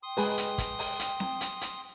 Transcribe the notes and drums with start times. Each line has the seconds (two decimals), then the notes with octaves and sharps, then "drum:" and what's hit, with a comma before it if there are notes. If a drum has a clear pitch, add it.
0.03 G5 C6 D#6
0.17 G#3 G#4 B4, drum: open hi-hat
0.38 drum: hi-hat
0.58 drum: kick, hi-hat
0.79 drum: open hi-hat
0.99 drum: hi-hat
1.20 drum: snare C4
1.41 drum: hi-hat
1.61 drum: hi-hat